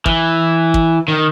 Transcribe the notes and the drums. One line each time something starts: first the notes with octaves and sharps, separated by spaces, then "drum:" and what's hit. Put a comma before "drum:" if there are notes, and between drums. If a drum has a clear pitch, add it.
E3, drum: kick
drum: kick
D#3